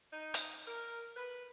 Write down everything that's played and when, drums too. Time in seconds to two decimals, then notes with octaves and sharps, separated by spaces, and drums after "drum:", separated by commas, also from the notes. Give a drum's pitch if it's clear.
0.13 D#4
0.34 drum: hi-hat
0.68 A#4
1.17 B4